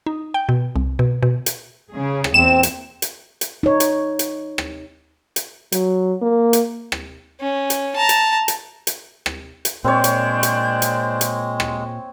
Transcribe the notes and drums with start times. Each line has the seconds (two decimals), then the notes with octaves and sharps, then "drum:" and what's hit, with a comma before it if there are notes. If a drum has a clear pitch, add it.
0.06 D#4
0.34 G5
0.49 B2
0.76 C2
0.99 B2
1.23 B2
1.46 drum: hi-hat
1.94 C#3 G#4
2.24 drum: rim click
2.34 E2 A#2 C4 E7
2.63 drum: hi-hat
3.02 drum: hi-hat
3.41 drum: hi-hat
3.63 D#4 C#5
3.80 drum: hi-hat
4.19 drum: hi-hat
4.58 drum: rim click
5.36 drum: hi-hat
5.72 F#3, drum: hi-hat
6.22 A#3
6.53 drum: hi-hat
6.92 drum: rim click
7.40 C#4
7.70 drum: hi-hat
7.96 A5 A#5
8.09 drum: hi-hat
8.48 drum: hi-hat
8.87 drum: hi-hat
9.26 drum: rim click
9.65 drum: hi-hat
9.84 A#2 G#3 C4 D4 C5 C#5 G6
10.04 drum: hi-hat
10.43 drum: hi-hat
10.82 drum: hi-hat
11.21 drum: hi-hat
11.60 drum: rim click